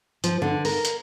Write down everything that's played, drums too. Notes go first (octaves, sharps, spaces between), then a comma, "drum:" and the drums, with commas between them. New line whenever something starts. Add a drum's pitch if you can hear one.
F3, drum: hi-hat
D3
A#4, drum: open hi-hat
drum: hi-hat